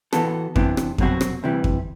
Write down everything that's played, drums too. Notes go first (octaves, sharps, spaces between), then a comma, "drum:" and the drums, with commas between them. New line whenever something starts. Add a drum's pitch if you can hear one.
E3 B3 F#4 A4, drum: rim click
C3 E3 B3 D4, drum: kick F2
drum: rim click
C2 B2 F#3 C4 F#4, drum: kick F2
drum: rim click
D2 C3 E3 G3
drum: kick F2